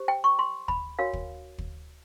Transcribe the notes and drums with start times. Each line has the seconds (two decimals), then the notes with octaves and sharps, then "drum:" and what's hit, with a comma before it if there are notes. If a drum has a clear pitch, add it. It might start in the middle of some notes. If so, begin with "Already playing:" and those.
Already playing: G4 C5
0.08 G5
0.24 C#6
0.39 C6
0.68 B5, drum: kick
0.99 D4 F#4 A#4 C#5 F5
1.13 drum: kick
1.58 drum: kick